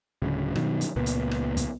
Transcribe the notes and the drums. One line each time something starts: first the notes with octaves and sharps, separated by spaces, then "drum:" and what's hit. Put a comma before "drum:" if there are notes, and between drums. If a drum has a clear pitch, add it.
D1 D2 C#3
G2 B2 D#3 F#3, drum: rim click
drum: hi-hat
C#2 A#2 B3
drum: hi-hat
drum: rim click
drum: kick, hi-hat